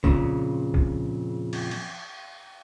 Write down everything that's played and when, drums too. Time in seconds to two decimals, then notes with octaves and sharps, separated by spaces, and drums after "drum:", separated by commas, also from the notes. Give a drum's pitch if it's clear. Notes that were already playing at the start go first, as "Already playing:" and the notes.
0.04 F2 A#2 C#3, drum: kick
0.74 drum: kick
1.53 drum: cymbal
1.71 drum: cymbal